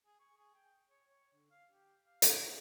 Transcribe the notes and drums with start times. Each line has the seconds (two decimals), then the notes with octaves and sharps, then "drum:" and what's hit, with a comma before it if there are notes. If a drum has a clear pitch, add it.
0.06 G#4
0.20 C#6
0.37 G#4
0.54 G5
0.89 C#5
1.10 C#5
1.33 D3
1.51 F5
1.71 G4
2.05 F5
2.22 A#5, drum: hi-hat
2.46 F4